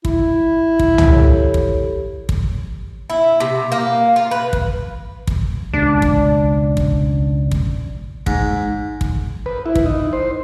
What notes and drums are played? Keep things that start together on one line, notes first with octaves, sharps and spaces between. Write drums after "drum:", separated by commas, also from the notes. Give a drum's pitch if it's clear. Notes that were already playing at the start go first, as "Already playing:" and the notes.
E4, drum: kick
drum: kick
drum: tom
G4 A4 C#5
drum: kick
drum: kick
E4
C3
A#3
F4
B4
drum: kick
drum: kick
C#2 B2 D4
drum: kick
drum: kick
drum: kick
G#2, drum: kick
drum: kick
B4
E4
drum: kick
D#4
C5